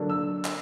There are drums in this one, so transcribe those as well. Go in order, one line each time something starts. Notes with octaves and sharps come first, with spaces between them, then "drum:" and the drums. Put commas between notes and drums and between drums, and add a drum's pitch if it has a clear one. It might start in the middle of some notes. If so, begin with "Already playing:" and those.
Already playing: D3 F#3 A#3 D4
E6
drum: clap